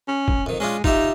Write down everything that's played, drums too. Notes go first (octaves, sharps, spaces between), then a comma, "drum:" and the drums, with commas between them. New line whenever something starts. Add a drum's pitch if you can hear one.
C#4
drum: kick
F2 D#3
G#3 C#4 D4 F4
D#4 F4 G4 E5, drum: kick